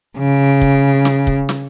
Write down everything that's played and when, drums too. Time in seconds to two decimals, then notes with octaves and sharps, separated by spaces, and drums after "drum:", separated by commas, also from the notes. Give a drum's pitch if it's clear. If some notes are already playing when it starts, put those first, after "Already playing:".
0.18 C#3
0.61 drum: kick
1.05 drum: snare
1.27 drum: kick
1.49 drum: snare